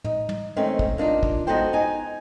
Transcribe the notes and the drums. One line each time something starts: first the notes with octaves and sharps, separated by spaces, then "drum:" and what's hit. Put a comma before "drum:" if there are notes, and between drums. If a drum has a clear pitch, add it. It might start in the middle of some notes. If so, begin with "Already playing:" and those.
D#4, drum: tom
drum: tom
D#3 A3 C4 C#4 D#4
drum: kick
A#3 D4 D#4 F4
drum: kick
B3 D#4 F#4 A4 C5 G5
D#4 G#5